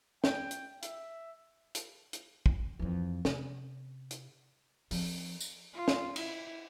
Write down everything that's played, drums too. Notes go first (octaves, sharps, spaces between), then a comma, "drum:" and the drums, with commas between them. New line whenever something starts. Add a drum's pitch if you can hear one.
G5, drum: snare
drum: hi-hat
E5, drum: hi-hat
drum: hi-hat
drum: hi-hat
drum: kick
F2 E3
C3, drum: snare
drum: hi-hat
F3 C4, drum: open hi-hat
drum: tambourine
F4
drum: snare
E4, drum: cymbal